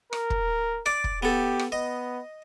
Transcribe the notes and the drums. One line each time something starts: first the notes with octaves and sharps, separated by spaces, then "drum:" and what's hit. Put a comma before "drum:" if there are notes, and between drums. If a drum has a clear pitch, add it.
A#4, drum: rim click
drum: kick
D5, drum: rim click
drum: kick
B3 G4 A4
drum: rim click
B3 D#5